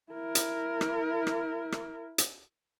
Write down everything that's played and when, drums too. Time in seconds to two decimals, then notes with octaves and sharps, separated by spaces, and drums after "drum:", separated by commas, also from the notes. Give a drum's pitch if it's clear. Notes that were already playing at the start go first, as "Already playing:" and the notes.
0.12 E4 A#4
0.35 drum: hi-hat
0.81 drum: rim click
1.27 drum: rim click
1.72 drum: rim click
2.18 drum: hi-hat